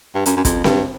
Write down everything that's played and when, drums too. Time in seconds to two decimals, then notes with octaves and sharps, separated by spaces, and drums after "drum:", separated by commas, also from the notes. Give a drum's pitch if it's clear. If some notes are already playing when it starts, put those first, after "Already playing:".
0.15 G2
0.26 F#2, drum: hi-hat
0.37 F#2
0.45 F2, drum: kick, hi-hat
0.64 G2, drum: snare C4